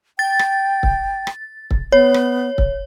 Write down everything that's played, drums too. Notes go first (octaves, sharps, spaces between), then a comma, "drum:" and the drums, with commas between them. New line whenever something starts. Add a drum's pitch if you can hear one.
G5 A6
drum: rim click
drum: kick
drum: rim click
drum: kick
B3 C#5
drum: rim click
drum: kick